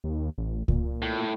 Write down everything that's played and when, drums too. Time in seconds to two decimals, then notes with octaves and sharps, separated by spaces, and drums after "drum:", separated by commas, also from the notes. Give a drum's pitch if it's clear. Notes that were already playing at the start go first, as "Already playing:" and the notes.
0.04 D#2
0.38 A1
0.68 A#2, drum: kick C#2
1.02 A2